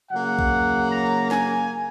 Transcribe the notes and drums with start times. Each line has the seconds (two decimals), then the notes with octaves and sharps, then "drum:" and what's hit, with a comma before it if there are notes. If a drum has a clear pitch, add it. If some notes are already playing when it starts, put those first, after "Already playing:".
0.11 C#3 F#3 A#3 F#5
0.39 drum: kick B1
0.91 A#5
1.31 G#5, drum: snare